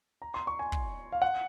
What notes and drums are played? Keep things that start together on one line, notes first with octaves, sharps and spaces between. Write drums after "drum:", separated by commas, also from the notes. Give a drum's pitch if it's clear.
A#5
C6
C#6
G#5
drum: kick
F5
F#5